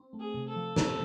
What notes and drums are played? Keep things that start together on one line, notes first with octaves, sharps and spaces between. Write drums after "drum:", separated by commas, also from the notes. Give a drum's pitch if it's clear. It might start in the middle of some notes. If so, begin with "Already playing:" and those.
Already playing: C4
A3
G#4
C3
A4
F3
C4, drum: snare